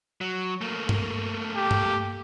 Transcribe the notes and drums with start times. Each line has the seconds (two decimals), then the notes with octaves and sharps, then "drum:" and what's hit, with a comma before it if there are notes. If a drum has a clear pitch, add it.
0.21 F#3
0.61 A3 A#3
0.89 drum: tom G2
1.56 G4
1.71 drum: tom G2